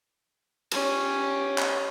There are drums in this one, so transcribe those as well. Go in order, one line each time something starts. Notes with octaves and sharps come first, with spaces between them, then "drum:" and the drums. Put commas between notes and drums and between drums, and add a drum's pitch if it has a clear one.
C#4 G4, drum: cymbal
drum: clap